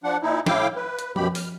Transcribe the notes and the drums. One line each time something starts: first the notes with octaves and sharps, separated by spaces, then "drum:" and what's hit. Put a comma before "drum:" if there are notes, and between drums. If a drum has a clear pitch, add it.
F3 D4 F#5
A#2 D#4 E4
A2 E4 F5 G5 D6, drum: snare
B4
drum: hi-hat
F#2 B2 G4 B5, drum: tom F3
F6, drum: open hi-hat